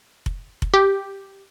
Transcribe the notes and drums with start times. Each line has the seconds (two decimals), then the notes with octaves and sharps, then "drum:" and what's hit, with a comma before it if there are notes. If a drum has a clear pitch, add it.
0.26 drum: kick F1
0.62 drum: kick F1
0.74 G4